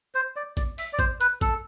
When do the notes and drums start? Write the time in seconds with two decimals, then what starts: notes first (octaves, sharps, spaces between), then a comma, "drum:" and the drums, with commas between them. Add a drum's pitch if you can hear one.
0.15 C5
0.36 D5
0.57 D5, drum: kick A1, hi-hat
0.78 E5, drum: open hi-hat
0.93 D5
0.99 C5, drum: kick A1, hi-hat
1.21 B4, drum: hi-hat
1.41 A4, drum: kick A1, hi-hat